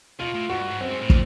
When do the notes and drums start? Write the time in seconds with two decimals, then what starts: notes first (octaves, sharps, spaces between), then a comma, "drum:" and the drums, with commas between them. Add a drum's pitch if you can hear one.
0.20 B2 F4
0.35 A2
0.50 G#2 F#4
0.60 G2
0.70 G#2
0.80 F#2 C4
0.91 G#2
1.02 A2
1.10 A#2, drum: kick